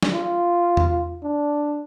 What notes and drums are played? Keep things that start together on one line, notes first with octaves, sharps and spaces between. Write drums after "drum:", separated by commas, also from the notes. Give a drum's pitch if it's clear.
drum: snare
F4
drum: tom E2
D4